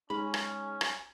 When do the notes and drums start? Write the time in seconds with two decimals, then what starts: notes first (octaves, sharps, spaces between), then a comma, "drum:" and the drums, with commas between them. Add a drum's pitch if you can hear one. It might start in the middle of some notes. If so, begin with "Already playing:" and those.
0.10 G#3 C#4 D#4 B5
0.34 drum: rim click
0.81 drum: rim click